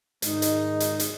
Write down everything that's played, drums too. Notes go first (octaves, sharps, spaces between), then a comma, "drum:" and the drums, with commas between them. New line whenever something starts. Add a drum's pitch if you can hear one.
G#2 D#3 G#3 D#4, drum: hi-hat
drum: hi-hat
drum: hi-hat
drum: hi-hat